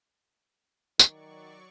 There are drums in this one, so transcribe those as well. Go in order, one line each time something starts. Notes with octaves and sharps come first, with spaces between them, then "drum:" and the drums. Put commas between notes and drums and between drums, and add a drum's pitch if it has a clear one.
D#3 F#3 D5 C#6, drum: tambourine